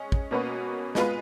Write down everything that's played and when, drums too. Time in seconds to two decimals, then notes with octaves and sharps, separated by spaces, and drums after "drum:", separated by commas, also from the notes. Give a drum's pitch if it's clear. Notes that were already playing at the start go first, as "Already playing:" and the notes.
Already playing: G#3 C#4
0.12 drum: kick
0.31 B2 A#3 C#4 F#4 B4
0.95 G#3 B3 F4 B4, drum: snare